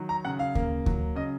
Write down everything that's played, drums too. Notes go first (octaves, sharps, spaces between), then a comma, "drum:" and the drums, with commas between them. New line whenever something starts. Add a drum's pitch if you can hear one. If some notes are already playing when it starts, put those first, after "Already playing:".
Already playing: D#3 F#3
A#5
C#3 F#5
F5
A#3, drum: kick D2
F#3, drum: kick D2
C#3 D#5